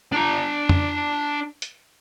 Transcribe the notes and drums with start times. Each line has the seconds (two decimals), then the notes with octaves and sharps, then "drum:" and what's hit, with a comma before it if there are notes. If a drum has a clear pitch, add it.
0.12 D4 A#5
0.69 drum: tom
1.62 drum: hi-hat